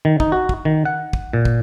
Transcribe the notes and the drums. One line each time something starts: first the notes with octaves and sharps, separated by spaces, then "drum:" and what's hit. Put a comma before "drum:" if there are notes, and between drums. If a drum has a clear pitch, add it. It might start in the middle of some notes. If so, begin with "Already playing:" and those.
D#3
D#4, drum: kick
F#4
drum: kick
D#3
F#5
drum: kick
A#2
drum: kick